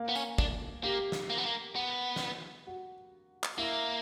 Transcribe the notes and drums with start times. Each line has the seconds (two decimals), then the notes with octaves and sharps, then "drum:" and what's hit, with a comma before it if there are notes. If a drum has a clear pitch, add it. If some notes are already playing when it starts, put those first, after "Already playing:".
Already playing: A#3
0.09 B3
0.15 C#4, drum: tambourine
0.38 D4, drum: kick
0.84 A#3 G4
1.12 drum: snare
1.30 A#3
1.38 B3
1.45 A#3
1.76 B3
2.16 drum: snare
2.67 F#4
3.44 drum: clap
3.58 A#3 E4